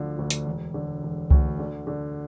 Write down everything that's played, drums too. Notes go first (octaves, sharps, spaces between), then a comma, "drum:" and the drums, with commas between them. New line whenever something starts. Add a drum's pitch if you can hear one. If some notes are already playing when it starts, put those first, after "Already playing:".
Already playing: D2 D3 F3
D2
drum: hi-hat
E1
D3
E1
D2, drum: kick C2
D3
D3